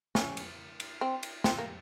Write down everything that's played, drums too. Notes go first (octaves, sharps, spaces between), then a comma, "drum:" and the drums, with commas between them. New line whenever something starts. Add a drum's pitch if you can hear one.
C#4, drum: snare
drum: cymbal
drum: cymbal
C4
drum: cymbal
C4, drum: snare
A#3